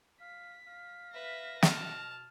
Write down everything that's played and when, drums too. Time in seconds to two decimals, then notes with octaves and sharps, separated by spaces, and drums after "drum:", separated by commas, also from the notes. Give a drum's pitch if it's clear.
0.21 F5 B6
0.67 F5
1.13 B4 E5 A#6
1.62 B2 A5 F6, drum: snare